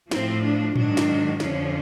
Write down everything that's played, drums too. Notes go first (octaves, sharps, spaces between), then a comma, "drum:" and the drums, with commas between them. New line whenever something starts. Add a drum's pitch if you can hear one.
A2 F3 C4, drum: snare
D4
G#2 D#3 F#3 D4, drum: tom A2
drum: snare
F2 D3 F3 C#4, drum: snare